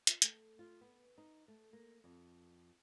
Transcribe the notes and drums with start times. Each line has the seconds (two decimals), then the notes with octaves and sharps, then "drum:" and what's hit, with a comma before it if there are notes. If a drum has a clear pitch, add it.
0.07 F4, drum: hi-hat
0.22 A3, drum: hi-hat
0.59 F4
0.81 B3
1.18 D#4
1.48 A3
1.73 A#3
2.04 F2